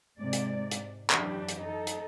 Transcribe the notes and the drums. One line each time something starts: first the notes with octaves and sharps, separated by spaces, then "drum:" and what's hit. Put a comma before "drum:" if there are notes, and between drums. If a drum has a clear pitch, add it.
G#2 C3 G#3 D5
drum: hi-hat
drum: hi-hat
F#2 E3 D4 G4, drum: clap
drum: hi-hat
D#4 A4
drum: hi-hat